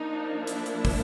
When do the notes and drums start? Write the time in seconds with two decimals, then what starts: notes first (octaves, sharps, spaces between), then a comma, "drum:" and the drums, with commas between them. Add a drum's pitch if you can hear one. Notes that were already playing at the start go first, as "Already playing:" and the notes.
Already playing: F3 A#3 D4 D#4
0.47 E4, drum: hi-hat
0.66 drum: hi-hat
0.85 drum: kick, open hi-hat